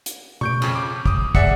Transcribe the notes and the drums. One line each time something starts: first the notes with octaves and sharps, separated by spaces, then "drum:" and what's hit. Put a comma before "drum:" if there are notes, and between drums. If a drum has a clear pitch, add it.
drum: hi-hat
C#6 G6 D7, drum: tom B2
F2 C#3, drum: cymbal
D6
D6 D#6, drum: kick
G#4 D5 E5 F#5 C#7, drum: kick